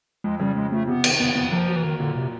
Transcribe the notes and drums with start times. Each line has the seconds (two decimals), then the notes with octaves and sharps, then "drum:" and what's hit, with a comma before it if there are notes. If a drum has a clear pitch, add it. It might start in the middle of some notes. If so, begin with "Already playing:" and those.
0.24 F2 G#3
0.40 C#3 G3
0.56 F2 G#3
0.72 F3 A3
0.88 C3 B3
1.04 D#3, drum: cymbal
1.20 F#1 B3
1.36 F2 B3
1.52 F3 A#3
1.68 F#3
1.76 E3
1.83 D#3 A#3
2.00 A#2 D3
2.16 C3